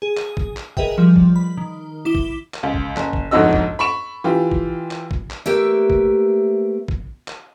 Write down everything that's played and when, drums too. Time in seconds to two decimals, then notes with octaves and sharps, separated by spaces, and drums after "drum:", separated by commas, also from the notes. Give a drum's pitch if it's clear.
0.02 G#4
0.17 drum: clap
0.37 drum: kick
0.57 drum: clap
0.77 G#4 A#4 B4 D#5 E5 G5, drum: kick
0.98 F3 G3
1.16 drum: kick
1.36 B5
1.57 D#3
2.05 E4 D6 B6 E7 G7
2.15 drum: kick
2.54 drum: clap
2.63 C#2
2.74 drum: kick
2.97 F#1, drum: clap
3.13 drum: kick
3.31 G1 F2 G#2 F#4 D#5 E6
3.53 drum: kick
3.79 B5 C#6 E7
4.24 E3 F4 G4
4.51 drum: kick
4.91 drum: clap
5.11 drum: kick
5.30 drum: clap
5.46 A3 A#3 G4 B4 E5
5.90 drum: kick
6.88 drum: kick
7.28 drum: clap